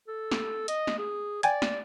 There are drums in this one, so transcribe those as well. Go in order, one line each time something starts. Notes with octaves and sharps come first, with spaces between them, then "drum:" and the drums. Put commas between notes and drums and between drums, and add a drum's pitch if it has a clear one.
A4
drum: snare
D#5, drum: hi-hat
drum: snare
G#4
D5 G5 G#5 G#6, drum: hi-hat
drum: snare